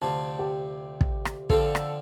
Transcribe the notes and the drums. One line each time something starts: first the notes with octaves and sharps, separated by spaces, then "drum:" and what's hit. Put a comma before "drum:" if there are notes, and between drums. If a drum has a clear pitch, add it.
D2 C3 F3 A5
G4
drum: kick
drum: rim click
D3 F3 C4 F4 A4, drum: kick
drum: rim click